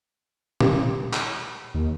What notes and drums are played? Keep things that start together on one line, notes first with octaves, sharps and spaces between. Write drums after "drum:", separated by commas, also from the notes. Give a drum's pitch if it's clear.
D#3 G4, drum: tom A#2
drum: clap
D#2